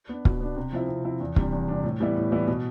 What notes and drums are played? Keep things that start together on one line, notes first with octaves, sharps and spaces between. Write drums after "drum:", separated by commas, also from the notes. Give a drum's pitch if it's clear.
B3 D4
B2, drum: kick
B3 D4
C3
F3 C4 E4
C3
F3 C4 E4
E2
C3 G3 D4, drum: kick
E2
C3 G3 D4
A2
E3 G3 B3 E4
A2
E3 G3 B3 E4
B2